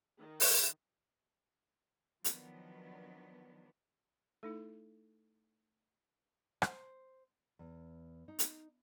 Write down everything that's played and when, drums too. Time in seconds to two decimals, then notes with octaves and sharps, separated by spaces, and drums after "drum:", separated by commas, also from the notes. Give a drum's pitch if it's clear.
0.18 D#3
0.40 drum: open hi-hat
2.24 D#3 F3 F#3 B3 D4, drum: hi-hat
4.43 A3 D#4 E4 A4
6.62 C5, drum: rim click
7.59 E2
8.28 D#4
8.39 drum: hi-hat